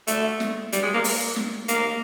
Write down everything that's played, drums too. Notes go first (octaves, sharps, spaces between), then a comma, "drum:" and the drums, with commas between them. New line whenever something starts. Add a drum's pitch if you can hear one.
A3, drum: hi-hat
drum: snare
G3, drum: hi-hat
G#3
A#3
drum: open hi-hat
drum: snare
A#3, drum: hi-hat